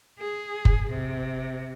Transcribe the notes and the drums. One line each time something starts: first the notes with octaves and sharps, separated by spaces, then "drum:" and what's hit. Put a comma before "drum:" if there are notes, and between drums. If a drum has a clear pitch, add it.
G#4
drum: kick F#1
C3